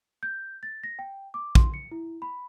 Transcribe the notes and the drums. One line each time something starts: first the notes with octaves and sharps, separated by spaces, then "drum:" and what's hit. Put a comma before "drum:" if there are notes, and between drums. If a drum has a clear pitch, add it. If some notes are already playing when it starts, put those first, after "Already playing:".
G6
A6
A#6
G5
D6
C6, drum: kick
C#7
E4
B5